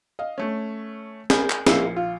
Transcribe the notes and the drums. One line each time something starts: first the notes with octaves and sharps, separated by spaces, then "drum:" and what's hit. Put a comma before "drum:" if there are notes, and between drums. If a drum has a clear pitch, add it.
D#5 F5
A3 C#4
G#4 A#4 B5 G6, drum: snare
drum: clap
A#1 A#3 E4 C7 C#7, drum: snare
F4